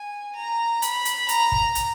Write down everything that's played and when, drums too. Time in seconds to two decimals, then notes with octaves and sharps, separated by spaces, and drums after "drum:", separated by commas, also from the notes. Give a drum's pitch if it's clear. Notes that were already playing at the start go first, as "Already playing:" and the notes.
Already playing: G#5
0.35 A#5
0.82 B5, drum: hi-hat
1.05 drum: hi-hat
1.29 A#5, drum: hi-hat
1.52 drum: kick
1.75 drum: hi-hat